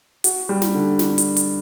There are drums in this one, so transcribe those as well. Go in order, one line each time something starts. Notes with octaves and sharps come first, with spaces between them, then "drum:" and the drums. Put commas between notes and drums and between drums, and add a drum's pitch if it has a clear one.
F#4, drum: hi-hat
G3
drum: snare
D3
drum: snare
drum: hi-hat
drum: hi-hat